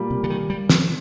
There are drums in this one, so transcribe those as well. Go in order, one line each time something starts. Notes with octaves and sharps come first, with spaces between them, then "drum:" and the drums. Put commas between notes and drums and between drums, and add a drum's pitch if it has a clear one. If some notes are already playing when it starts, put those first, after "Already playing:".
Already playing: A#2 G3 A#3
C3
D3
D#3
G3
F3, drum: snare